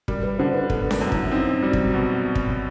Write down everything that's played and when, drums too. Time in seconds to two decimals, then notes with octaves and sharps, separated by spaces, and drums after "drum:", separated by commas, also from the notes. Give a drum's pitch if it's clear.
0.08 G3 A#4, drum: kick
0.23 B4
0.39 D3 C5
0.54 B4
0.70 B3 A4, drum: kick
0.82 B4
0.91 A#4, drum: snare C#4
1.01 F#2
1.12 E4, drum: kick
1.32 C4 D#4
1.63 G3 F#4
1.73 drum: kick
1.94 B2
2.35 drum: kick